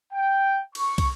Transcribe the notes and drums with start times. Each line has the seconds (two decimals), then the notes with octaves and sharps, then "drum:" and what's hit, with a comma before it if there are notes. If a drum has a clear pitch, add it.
0.13 G5
0.75 C#6, drum: cymbal
0.98 drum: kick, cymbal